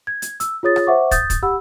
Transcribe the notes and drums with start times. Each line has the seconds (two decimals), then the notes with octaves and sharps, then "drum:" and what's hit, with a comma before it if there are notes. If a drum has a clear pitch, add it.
0.07 G#6
0.22 drum: hi-hat
0.40 E6, drum: hi-hat
0.63 F4 G#4 C#5 D#6 A6
0.76 drum: rim click
0.87 C5 E5 F#5 C#6 D6
1.11 D#6 G6 A6, drum: kick, hi-hat
1.30 drum: kick, hi-hat
1.43 G4 F#5 B5 E6